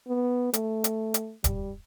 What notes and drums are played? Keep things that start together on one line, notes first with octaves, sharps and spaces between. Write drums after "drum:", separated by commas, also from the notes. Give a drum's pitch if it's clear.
B3
A3, drum: hi-hat
drum: hi-hat
drum: hi-hat
G3, drum: kick, hi-hat